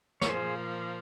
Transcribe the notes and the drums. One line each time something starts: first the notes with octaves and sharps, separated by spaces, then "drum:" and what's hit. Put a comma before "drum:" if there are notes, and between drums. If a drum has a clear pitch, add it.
C#5, drum: snare
A#2 F3 A#3 G#4 C5